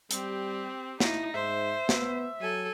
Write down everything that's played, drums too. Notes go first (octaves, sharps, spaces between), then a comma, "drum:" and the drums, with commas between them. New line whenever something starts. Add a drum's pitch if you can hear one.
G3 C4 G4, drum: hi-hat
D#4 E4 A#6, drum: snare
G#2 C5 E5
B3, drum: snare
F#3 A4 G#5